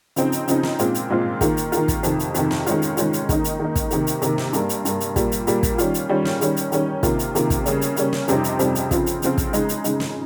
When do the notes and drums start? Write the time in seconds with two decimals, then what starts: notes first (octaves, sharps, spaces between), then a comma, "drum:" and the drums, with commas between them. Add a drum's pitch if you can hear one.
0.16 C#3 F3 C4 D#4, drum: hi-hat
0.32 drum: hi-hat
0.48 C#3 F3 C4 D#4, drum: hi-hat
0.63 drum: snare
0.79 A#2 G#3 C4 F4, drum: hi-hat
0.95 drum: hi-hat
1.10 A#2 G#3 C4 F4
1.41 D#3 A#3 F4, drum: kick, hi-hat
1.57 drum: hi-hat
1.72 D#3 A#3 F4, drum: hi-hat
1.88 drum: kick, hi-hat
2.03 F2 C3 D#3, drum: hi-hat
2.19 drum: hi-hat
2.34 F2 C3 D#3, drum: hi-hat
2.51 drum: snare
2.66 D#3 G#3 C#4 F4, drum: hi-hat
2.82 drum: hi-hat
2.97 D#3 G#3 C#4 F4, drum: hi-hat
3.13 drum: hi-hat
3.29 D#3 A#3 D#4, drum: kick, hi-hat
3.44 drum: hi-hat
3.59 D#3 A#3 D#4
3.76 drum: kick, hi-hat
3.91 C3 D#3 A#3, drum: hi-hat
4.07 drum: hi-hat
4.22 C3 D#3 A#3, drum: hi-hat
4.38 drum: snare
4.53 G2 G3 A#3, drum: hi-hat
4.69 drum: hi-hat
4.85 G2 G3 A#3, drum: hi-hat
5.00 drum: hi-hat
5.16 A#2 G3 A#3, drum: kick, hi-hat
5.32 drum: hi-hat
5.47 A#2 G3 A#3, drum: hi-hat
5.63 drum: kick, hi-hat
5.78 D#3 G3 C#4 F4, drum: hi-hat
5.94 drum: hi-hat
6.09 D#3 G3 C#4 F4
6.25 drum: snare
6.41 D#3 G3 C#4, drum: hi-hat
6.57 drum: hi-hat
6.72 D#3 G3 C#4, drum: hi-hat
7.03 C3 D#3 A#3 F4, drum: kick, hi-hat
7.19 drum: hi-hat
7.35 C3 D#3 A#3 F4, drum: hi-hat
7.50 drum: kick, hi-hat
7.66 C#3 G3 A#3 C#4, drum: hi-hat
7.81 drum: hi-hat
7.96 C#3 G3 A#3 C#4, drum: hi-hat
8.13 drum: snare
8.28 F2 C3 G3 C4 D#4, drum: hi-hat
8.44 drum: hi-hat
8.59 F2 C3 G3 C4 D#4, drum: hi-hat
8.75 drum: hi-hat
8.91 C#3 F3 C4 F4, drum: kick, hi-hat
9.06 drum: hi-hat
9.22 C#3 F3 C4 F4, drum: hi-hat
9.38 drum: kick, hi-hat
9.53 C#3 G#3 D#4, drum: hi-hat
9.69 drum: hi-hat
9.84 C#3 G#3 D#4, drum: hi-hat
10.00 drum: snare